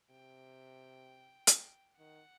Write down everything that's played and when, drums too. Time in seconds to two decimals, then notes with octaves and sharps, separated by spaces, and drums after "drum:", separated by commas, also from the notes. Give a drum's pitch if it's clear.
0.10 C3 G5
1.47 drum: hi-hat
1.99 D#3 F#5